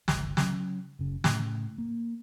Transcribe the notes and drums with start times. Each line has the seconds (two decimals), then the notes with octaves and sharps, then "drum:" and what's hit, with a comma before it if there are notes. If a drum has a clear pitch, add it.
0.08 G1 C#2, drum: snare
0.37 C#3 F#3 C#4, drum: snare
0.99 F#1 C#3
1.24 A2 C#3, drum: snare
1.78 A#3